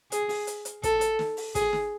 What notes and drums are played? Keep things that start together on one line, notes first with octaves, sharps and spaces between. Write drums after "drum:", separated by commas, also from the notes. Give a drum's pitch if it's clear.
G#4, drum: hi-hat
drum: open hi-hat
drum: hi-hat
drum: hi-hat
A4, drum: kick, hi-hat
drum: hi-hat
drum: snare
drum: open hi-hat
G#4, drum: kick, hi-hat
drum: snare